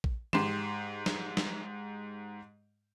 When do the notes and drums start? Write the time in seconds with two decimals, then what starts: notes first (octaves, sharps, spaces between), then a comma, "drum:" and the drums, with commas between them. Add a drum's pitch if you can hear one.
0.04 drum: kick A#1
0.33 G#2 G4 C6 C7 E7, drum: tom
1.06 drum: snare
1.37 drum: snare